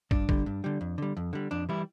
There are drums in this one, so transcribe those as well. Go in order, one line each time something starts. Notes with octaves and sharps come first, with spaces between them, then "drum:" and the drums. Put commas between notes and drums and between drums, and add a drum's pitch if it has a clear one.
G2 D4, drum: kick
D3 G3, drum: kick
G2
D3 G3
F2
D3 G3
F2
D3 G3
F2 D4
E3 G3 E4